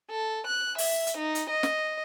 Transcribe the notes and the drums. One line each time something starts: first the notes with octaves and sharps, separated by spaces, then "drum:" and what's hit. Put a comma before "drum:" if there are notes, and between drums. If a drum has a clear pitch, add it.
A4
F#6
E5, drum: open hi-hat
drum: hi-hat
D#4
drum: hi-hat
D#5
drum: snare